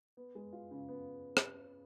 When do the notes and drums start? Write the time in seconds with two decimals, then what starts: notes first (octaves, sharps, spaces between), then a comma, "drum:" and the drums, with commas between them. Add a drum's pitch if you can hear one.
0.17 B3
0.35 G#3
0.53 F4
0.71 C#3
0.89 B3
1.37 drum: rim click